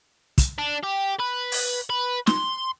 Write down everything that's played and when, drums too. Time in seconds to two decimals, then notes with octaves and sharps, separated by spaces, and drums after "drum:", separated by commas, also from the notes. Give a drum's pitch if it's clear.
0.38 drum: kick, hi-hat
0.59 D4
0.84 G4
1.20 B4
1.52 drum: open hi-hat
1.90 B4
2.27 C6, drum: snare